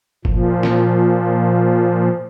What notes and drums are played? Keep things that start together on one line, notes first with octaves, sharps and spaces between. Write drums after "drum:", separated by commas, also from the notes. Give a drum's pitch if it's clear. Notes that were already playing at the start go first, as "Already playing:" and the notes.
A#2 F3, drum: kick F#1
drum: snare